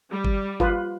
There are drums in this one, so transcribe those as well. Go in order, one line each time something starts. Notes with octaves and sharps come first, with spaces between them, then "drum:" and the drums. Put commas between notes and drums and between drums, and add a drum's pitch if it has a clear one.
G3
drum: kick G1
F4 B4, drum: kick G1